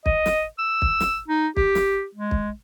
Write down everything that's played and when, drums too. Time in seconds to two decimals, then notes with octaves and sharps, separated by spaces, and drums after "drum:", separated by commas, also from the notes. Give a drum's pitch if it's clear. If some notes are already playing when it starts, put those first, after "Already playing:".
0.06 D#5, drum: kick
0.26 drum: snare
0.59 E6
0.82 drum: kick
1.01 drum: snare
1.28 D#4
1.57 G4, drum: kick
1.75 drum: snare
2.15 G#3
2.31 drum: kick